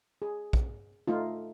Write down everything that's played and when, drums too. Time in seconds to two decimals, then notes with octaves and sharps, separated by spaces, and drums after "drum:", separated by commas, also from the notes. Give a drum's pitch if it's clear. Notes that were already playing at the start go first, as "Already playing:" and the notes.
0.22 G#4
0.53 drum: kick A#1
1.08 A3 D#4 F4